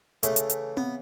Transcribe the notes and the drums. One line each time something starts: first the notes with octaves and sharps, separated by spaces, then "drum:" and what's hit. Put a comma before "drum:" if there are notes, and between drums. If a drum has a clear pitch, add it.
C#3 E3 A3, drum: hi-hat
drum: hi-hat
drum: hi-hat
B3, drum: tom C4